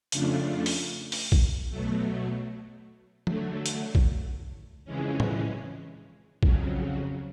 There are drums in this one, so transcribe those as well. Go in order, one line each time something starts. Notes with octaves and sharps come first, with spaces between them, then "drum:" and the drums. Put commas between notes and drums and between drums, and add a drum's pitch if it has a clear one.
F2 C#3 F3 A3 D4, drum: hi-hat
drum: open hi-hat
drum: open hi-hat
drum: kick A#1
B2 F#3 A3
D3 F#3 A3, drum: tom E3
drum: hi-hat
drum: kick A#1
F2 C#3 E3 G#3 C#4
drum: tom
F2 C#3 F#3, drum: kick A#1